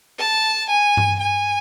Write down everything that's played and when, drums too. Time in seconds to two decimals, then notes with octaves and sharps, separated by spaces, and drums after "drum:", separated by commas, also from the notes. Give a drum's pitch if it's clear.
0.19 A5
0.69 G#5
0.97 drum: tom G2
1.20 G#5